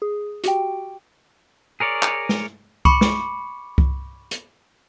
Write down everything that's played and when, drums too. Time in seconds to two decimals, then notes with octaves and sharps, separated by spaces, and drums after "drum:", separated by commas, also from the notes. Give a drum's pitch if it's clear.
0.02 G#4
0.44 F#4 G4 G5, drum: hi-hat
1.80 G#4 A#4 C#5 D5
2.03 drum: clap
2.29 drum: snare
2.85 B5 C#6 D6 C#7, drum: kick C2
3.01 drum: snare
3.78 drum: kick C2
4.31 drum: hi-hat